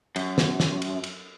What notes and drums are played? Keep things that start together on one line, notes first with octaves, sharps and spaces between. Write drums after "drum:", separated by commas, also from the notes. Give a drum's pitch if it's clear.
F#2, drum: cymbal
drum: snare
drum: snare
drum: cymbal
drum: cymbal